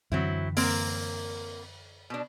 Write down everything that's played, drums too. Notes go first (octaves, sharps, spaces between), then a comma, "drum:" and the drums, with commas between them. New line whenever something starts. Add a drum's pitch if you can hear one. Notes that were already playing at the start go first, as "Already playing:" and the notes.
F#2 D3 E3 F#3 C4 E4
A#3 C4 A#4, drum: open hi-hat
B2 D4